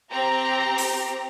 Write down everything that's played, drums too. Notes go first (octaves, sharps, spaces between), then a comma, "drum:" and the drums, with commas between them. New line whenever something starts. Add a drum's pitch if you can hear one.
C4 G4 A#5
drum: open hi-hat